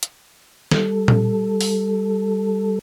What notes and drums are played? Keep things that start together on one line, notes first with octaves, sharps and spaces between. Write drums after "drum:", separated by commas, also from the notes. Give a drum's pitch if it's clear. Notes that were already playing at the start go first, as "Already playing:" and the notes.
drum: hi-hat
G3 A4, drum: snare
drum: tom A#2
drum: open hi-hat